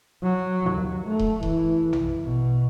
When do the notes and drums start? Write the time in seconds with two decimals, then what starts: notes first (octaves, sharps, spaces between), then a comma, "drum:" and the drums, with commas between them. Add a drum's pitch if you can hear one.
0.23 F#3
0.70 D#2
1.07 A3
1.19 drum: kick D#1
1.43 E3, drum: kick D#1
1.93 drum: tom A#1
2.25 B2